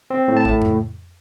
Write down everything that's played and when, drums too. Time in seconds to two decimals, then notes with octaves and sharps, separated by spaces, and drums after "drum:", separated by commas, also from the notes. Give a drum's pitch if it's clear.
0.10 C4
0.28 A2
0.37 A5
0.45 A2, drum: kick A#1
0.62 drum: tom F2